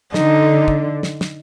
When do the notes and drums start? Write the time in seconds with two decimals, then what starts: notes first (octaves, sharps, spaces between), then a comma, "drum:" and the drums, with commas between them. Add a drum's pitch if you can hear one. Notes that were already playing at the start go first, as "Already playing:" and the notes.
0.14 D3 D#4, drum: snare
0.68 drum: kick
1.03 drum: snare
1.21 drum: snare